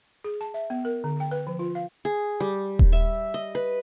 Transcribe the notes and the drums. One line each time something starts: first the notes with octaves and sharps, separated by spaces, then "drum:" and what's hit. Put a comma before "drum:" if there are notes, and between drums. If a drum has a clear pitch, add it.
G#4
A5
E5
B3
A#4
D3
G5
B4
F3
F4
F5
G#4
G3
drum: kick D#1
E5
D#5
B4